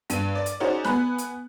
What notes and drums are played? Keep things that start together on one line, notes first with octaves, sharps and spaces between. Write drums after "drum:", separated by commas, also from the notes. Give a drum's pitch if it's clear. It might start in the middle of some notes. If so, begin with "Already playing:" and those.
G2 D#7, drum: hi-hat
D5
drum: hi-hat
C#4 D#4 F#4 G#4 C5 D5
B3 G#5 B5 F#6, drum: snare
drum: hi-hat